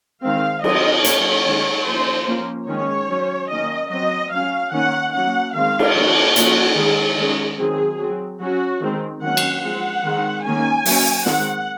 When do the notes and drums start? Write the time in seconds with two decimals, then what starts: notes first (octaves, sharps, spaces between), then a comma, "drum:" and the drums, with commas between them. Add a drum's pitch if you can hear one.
0.23 D#3 G#3 C4 F5
0.64 F#3 C4 D#5, drum: cymbal
1.04 F#3 A#3 C#4 C#5, drum: hi-hat
1.46 D#3 G#3 C#4
1.87 F3 A#3 C#4 C5
2.28 F3 A#3 C#4
2.68 D#3 G#3 C#4 C#5
3.09 F#3 C#4
3.50 D#3 A#3 C#4 D#5
3.91 F#3 C4 D#5
4.31 F#3 C#4 F5
4.73 D#3 A#3 C#4 F#5
5.13 F#3 A#3 C#4 F#5
5.54 D#3 G#3 C4 F5
5.79 drum: cymbal
5.95 F3 A#3 C#4 F#4
6.36 F3 A#3 C#4 F#4, drum: hi-hat
6.76 D#3 G#3 C#4 G#4
7.17 D#3 G#3 C#4 G#4
7.59 D#3 F#3 C4 G#4
7.99 F#3 C4
8.40 F#3 C#4 F#4
8.81 D#3 G#3 C4
9.22 D#3 F#3 A#3 C#4 F#5
9.37 drum: cymbal
9.63 F3 G#3 C4 F#5
10.04 D#3 G#3 C4
10.44 D#3 A#3 C#4 G#5
10.85 F#3 A#3 C#4, drum: open hi-hat
11.26 D#3 G#3 C4 F#5, drum: snare